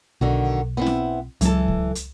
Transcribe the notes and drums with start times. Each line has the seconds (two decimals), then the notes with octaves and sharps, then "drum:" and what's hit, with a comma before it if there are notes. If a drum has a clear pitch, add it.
0.21 B1 D3 D#3 F#4
0.77 B3 C4 E4
0.86 drum: snare
1.41 C#2 E3 F#3 G#3 A4, drum: hi-hat
1.68 drum: kick C#2
1.95 drum: hi-hat